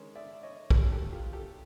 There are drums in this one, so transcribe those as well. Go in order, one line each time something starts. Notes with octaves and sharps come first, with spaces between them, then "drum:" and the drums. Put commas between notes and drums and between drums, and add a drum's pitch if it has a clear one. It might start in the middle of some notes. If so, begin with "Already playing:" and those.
Already playing: D#3 G#3 C#4
D5 E5
C#5 D#5
D#3 F#3 B3 G4 A4, drum: kick
G4 A4
F4 G4
G4 A4